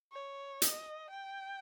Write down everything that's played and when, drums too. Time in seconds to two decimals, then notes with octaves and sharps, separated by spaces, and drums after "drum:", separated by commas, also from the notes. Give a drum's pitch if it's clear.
0.12 C#5
0.62 D#5, drum: hi-hat
1.10 G5